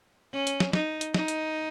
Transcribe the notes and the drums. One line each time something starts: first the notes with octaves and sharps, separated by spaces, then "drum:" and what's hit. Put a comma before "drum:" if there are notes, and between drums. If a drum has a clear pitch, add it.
C#4
drum: hi-hat
drum: snare
D#4, drum: snare
drum: hi-hat
D#4, drum: snare
drum: hi-hat